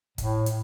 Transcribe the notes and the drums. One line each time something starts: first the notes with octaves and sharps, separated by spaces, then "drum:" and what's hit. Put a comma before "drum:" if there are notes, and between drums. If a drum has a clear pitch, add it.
A2, drum: kick, hi-hat
drum: hi-hat